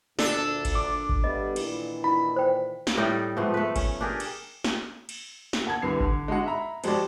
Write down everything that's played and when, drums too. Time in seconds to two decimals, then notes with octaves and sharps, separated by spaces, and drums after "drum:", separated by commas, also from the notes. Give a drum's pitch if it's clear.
0.19 D2 A#2 D4 A4, drum: snare
0.65 drum: kick G#1, cymbal
0.75 D6
1.09 drum: kick G#1
1.24 G3 A3 B3 D#5
1.56 A#2 D#3 E3, drum: cymbal
2.04 E4 B5
2.36 C5 G5
2.87 drum: snare
2.97 A2 G3 D#4 D5
3.37 G#2 F3 A3 B3
3.54 A3 B4
3.76 C#4, drum: kick G#1, cymbal
4.01 D4 G4 G#4 A#4
4.20 drum: cymbal
4.64 drum: snare
5.09 drum: cymbal
5.53 drum: snare
5.65 A#3 F#5 A5 G#6
5.82 C2 D3 E3 C7
6.00 D3, drum: kick G#1
6.28 G#3 D4 D#4 F#4 F#5
6.46 E5 A#5 B5
6.84 F3 G#3 F#4 G4 A4 D5, drum: cymbal